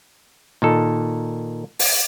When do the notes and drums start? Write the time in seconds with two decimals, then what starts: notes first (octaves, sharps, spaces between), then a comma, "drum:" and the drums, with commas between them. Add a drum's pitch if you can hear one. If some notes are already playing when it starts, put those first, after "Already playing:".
0.62 A#2 D#3 A4
1.79 drum: open hi-hat